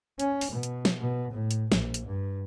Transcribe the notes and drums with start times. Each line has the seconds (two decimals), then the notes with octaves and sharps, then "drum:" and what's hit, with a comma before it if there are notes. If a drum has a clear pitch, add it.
0.20 C#4, drum: hi-hat
0.41 drum: open hi-hat
0.52 B2
0.63 drum: hi-hat
0.85 drum: snare
1.00 B2
1.32 A2
1.51 drum: hi-hat
1.72 A#1, drum: snare
1.94 drum: hi-hat
2.06 G2